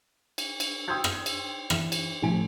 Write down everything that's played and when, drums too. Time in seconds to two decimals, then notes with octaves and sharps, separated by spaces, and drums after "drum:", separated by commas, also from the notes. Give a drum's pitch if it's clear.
0.38 drum: cymbal
0.60 drum: cymbal
0.88 G5 C6 D#6 E6 G6 G#6
1.04 drum: rim click
1.26 drum: cymbal
1.70 E3 E7, drum: rim click
1.92 drum: cymbal
2.22 A1 A2 F3 G#5 D7